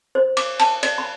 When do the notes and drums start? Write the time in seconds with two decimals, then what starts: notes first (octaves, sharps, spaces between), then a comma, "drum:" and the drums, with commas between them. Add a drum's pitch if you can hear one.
0.15 C5
0.37 D6, drum: cymbal
0.60 A5, drum: cymbal
0.83 D5, drum: cymbal
0.98 B5